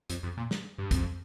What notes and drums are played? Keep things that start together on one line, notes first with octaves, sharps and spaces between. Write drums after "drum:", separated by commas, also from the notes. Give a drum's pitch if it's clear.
F2, drum: hi-hat
F2
A#2
drum: snare
G2
F2, drum: kick, hi-hat